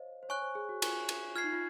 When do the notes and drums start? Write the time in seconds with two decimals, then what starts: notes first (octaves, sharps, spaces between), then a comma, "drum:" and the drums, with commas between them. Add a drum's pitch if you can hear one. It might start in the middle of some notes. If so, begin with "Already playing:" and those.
Already playing: C5 C#5 D#5 F5
0.23 C5
0.29 C#5 G#5 C#6 F#6
0.42 C5
0.55 G#4
0.69 F#4
0.82 F4 G#5 C#6 F#6, drum: cymbal
1.09 drum: cymbal
1.35 F4 F6 G#6 C7
1.44 D#4
1.52 F4